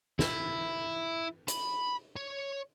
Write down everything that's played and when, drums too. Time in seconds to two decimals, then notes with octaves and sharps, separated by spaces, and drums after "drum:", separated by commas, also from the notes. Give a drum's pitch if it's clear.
0.19 E4, drum: snare
1.48 B5, drum: hi-hat
2.16 C#5